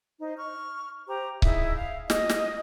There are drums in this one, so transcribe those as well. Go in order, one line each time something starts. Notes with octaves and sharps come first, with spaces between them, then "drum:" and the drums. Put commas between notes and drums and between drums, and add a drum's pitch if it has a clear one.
D#4 C5
C#6 F6
G4 C5 A#5
D#4 E4 G#4 E5, drum: kick C#1
F5
D#5 D#6, drum: snare
drum: snare